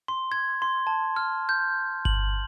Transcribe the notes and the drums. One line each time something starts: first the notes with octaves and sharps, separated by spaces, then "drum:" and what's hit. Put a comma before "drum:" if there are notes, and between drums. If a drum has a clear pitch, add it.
C6
G#6
C6
A5
F6
G6
F#7, drum: kick G1